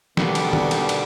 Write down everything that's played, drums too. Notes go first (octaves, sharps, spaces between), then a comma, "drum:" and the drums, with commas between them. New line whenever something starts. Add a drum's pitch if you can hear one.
B2 D3 D#3 G3 A#3 B3, drum: snare
drum: cymbal
drum: tom
drum: cymbal
drum: cymbal